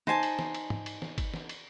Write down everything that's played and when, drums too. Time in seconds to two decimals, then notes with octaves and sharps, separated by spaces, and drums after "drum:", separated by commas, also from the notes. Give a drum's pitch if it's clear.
0.07 D#4 C5 G#5 A5, drum: snare
0.23 drum: cymbal
0.39 drum: snare
0.54 drum: cymbal
0.70 drum: tom G#2
0.86 drum: cymbal
1.02 drum: snare
1.18 drum: kick G1, cymbal
1.34 drum: snare
1.49 drum: cymbal